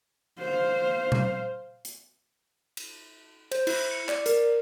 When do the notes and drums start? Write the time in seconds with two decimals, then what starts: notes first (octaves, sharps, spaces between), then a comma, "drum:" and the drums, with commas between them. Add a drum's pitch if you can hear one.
0.39 C5 F5
1.12 drum: tom A#2
1.85 drum: hi-hat
2.77 drum: cymbal
3.52 C5, drum: cymbal
3.67 E4, drum: cymbal
3.91 C#7
4.09 D5, drum: clap
4.26 A#4, drum: hi-hat